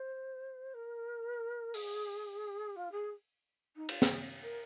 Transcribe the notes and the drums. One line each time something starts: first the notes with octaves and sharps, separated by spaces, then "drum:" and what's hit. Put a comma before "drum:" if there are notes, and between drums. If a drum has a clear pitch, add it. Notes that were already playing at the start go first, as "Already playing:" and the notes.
Already playing: C5
A#4
G#4, drum: open hi-hat
F4
G#4
D#4
F4, drum: cymbal
G#4, drum: snare
A#4